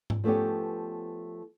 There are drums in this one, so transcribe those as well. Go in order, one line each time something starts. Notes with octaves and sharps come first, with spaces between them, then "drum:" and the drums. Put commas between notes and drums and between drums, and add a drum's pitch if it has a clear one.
drum: tom G#2
F3 A3 B3 C#4 G4